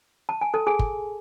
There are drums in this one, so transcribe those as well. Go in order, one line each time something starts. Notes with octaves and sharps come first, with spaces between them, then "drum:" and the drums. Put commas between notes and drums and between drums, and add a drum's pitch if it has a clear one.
A5
G#5
A4 A5
G#4 G#5
drum: kick